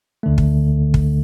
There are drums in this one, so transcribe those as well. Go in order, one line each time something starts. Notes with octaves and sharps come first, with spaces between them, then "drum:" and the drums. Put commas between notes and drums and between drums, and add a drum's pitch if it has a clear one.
D2 D3 A3
drum: kick
drum: kick